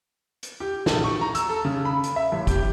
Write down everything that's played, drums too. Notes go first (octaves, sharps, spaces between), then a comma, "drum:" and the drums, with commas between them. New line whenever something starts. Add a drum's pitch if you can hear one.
drum: hi-hat
G4
A#1, drum: snare
C#6
A#5
E6, drum: hi-hat
A4
C#3
B5
drum: hi-hat
E5
A1
G4, drum: kick, hi-hat